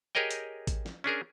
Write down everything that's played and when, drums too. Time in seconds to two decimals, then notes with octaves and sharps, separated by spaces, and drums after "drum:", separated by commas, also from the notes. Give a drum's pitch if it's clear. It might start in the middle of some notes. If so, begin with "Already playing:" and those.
0.15 G4 G#4 A#4 C#5 D#5 G5
0.31 drum: hi-hat
0.67 drum: kick A1, hi-hat
0.86 drum: snare
1.04 C#4 D4 G#4 A#4